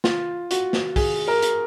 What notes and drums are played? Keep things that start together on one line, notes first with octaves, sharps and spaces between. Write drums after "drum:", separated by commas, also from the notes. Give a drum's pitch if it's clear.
F4, drum: snare
F#4, drum: hi-hat
drum: snare
G#4, drum: kick, open hi-hat
A#4
drum: hi-hat